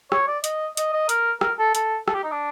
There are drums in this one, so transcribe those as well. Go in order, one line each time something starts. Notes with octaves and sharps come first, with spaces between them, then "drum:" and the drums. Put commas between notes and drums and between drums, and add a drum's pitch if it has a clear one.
C#5, drum: rim click
D5
D#5, drum: hi-hat
D#5, drum: hi-hat
D#5
A#4, drum: hi-hat
A#4, drum: rim click
A4
A4, drum: hi-hat
A4, drum: rim click
G4
D#4
D4